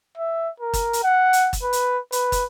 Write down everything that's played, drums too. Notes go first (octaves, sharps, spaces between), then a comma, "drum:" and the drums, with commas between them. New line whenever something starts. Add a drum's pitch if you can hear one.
E5
A#4
drum: kick, hi-hat
drum: hi-hat
F#5
drum: hi-hat
drum: kick, hi-hat
B4
drum: hi-hat
B4, drum: hi-hat
drum: kick, hi-hat